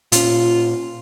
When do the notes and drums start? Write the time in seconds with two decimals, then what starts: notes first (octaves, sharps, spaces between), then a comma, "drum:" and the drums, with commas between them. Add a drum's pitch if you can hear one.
0.12 A#2 C#4 F4, drum: hi-hat